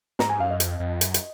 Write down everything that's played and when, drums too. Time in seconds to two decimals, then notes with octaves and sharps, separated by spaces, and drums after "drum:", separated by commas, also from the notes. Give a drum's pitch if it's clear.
0.19 G#2 A#5, drum: snare
0.29 G#5
0.39 F#2 F5
0.50 D#5
0.60 F2, drum: hi-hat
0.80 F2
1.01 F#2, drum: hi-hat
1.14 drum: hi-hat